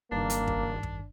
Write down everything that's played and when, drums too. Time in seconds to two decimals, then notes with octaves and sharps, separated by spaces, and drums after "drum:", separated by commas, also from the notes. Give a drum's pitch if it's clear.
0.12 F#1 G2 D#3 A#3 D4
0.30 drum: hi-hat
0.47 drum: kick
0.83 drum: kick